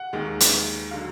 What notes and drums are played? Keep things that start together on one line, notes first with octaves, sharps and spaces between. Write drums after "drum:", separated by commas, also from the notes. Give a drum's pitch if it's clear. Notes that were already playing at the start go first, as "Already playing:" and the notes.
Already playing: F#5
D#2 D#3 G#3
drum: hi-hat
D3 F#3 F5